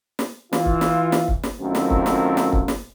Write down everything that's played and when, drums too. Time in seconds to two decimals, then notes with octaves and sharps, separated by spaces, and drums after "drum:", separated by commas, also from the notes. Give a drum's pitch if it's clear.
0.19 drum: snare
0.53 E3 F4, drum: snare
0.66 drum: kick C#1
0.81 drum: snare
1.12 drum: snare
1.28 drum: kick C#1
1.43 drum: snare
1.59 F#2 D#3 A3 C4 E4 F4
1.75 drum: snare
1.90 drum: kick C#1
2.06 drum: snare
2.37 drum: snare
2.53 drum: kick C#1
2.68 drum: snare